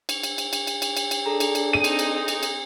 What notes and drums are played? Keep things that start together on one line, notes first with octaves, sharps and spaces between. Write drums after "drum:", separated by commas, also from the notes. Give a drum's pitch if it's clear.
drum: cymbal
drum: cymbal
drum: cymbal
drum: cymbal
drum: cymbal
drum: cymbal
drum: cymbal
drum: cymbal
D4 G#4 A4 A#5
drum: cymbal
drum: cymbal
C4 D#4 D#7
drum: cymbal
drum: cymbal
drum: cymbal
drum: cymbal